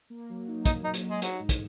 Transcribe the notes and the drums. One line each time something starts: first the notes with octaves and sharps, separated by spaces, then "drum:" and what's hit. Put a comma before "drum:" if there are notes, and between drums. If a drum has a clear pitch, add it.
A#3
F#3
D#4
F#3 D#4, drum: kick, hi-hat
F#3 D#4
drum: hi-hat
F#3
G#3
F#3 D#4, drum: hi-hat
G#2
drum: kick, hi-hat